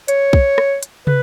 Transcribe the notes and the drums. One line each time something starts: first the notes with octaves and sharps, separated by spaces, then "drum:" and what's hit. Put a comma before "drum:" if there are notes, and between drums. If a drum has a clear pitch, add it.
C#5, drum: hi-hat
drum: kick
drum: rim click
drum: hi-hat
B4, drum: tom